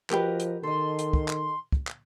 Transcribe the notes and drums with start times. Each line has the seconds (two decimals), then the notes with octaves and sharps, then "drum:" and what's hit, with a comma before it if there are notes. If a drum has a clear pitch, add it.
0.10 F3 F#4 G4 A#4 B4 D#5, drum: clap
0.40 drum: hi-hat
0.63 D#3 A4 D#5 C6
0.99 drum: hi-hat
1.13 drum: kick
1.28 drum: clap
1.72 drum: kick
1.87 drum: clap